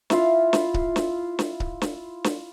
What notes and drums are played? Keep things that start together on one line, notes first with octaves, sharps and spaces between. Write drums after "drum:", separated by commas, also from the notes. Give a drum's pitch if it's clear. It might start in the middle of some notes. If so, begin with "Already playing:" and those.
E4 F4 F5, drum: snare
drum: snare
drum: kick C#1
drum: snare
drum: snare
drum: kick C#1
drum: snare
drum: snare